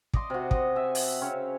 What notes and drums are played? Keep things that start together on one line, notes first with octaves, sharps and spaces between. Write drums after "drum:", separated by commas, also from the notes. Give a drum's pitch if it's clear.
D5 D#5 C6, drum: kick
C3 F#4
D#5 C6, drum: kick
E5 G#5
drum: open hi-hat
C#3 C4 C#4